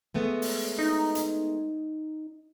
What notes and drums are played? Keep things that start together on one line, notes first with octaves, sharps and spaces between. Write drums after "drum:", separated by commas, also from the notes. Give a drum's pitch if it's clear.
G#3 A3 B3
drum: open hi-hat
D#4
drum: hi-hat